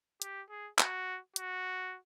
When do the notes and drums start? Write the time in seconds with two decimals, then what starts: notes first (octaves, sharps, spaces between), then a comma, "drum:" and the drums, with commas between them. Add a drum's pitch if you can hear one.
0.22 G4, drum: hi-hat
0.49 G#4
0.79 F#4, drum: clap
1.36 F#4, drum: hi-hat